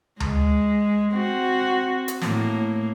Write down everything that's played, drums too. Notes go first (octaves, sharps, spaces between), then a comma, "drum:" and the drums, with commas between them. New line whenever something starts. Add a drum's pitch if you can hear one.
G#3, drum: tom D2
C4 F#4
drum: hi-hat
A2 A#3, drum: snare